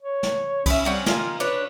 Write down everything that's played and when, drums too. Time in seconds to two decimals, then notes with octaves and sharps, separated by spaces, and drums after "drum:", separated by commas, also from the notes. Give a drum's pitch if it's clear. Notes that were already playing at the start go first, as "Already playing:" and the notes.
0.03 C#5
0.23 drum: snare
0.66 C#4 B4 E5, drum: kick C2, cymbal
0.85 G3 C4 C#4 F#5
1.06 D#3 A#3 F4 G#5, drum: snare
1.40 D4 B4 C#5